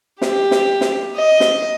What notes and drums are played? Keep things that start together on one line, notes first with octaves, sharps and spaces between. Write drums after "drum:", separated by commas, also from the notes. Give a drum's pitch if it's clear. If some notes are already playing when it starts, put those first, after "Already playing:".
G4, drum: snare
drum: snare
drum: snare
D#5
drum: snare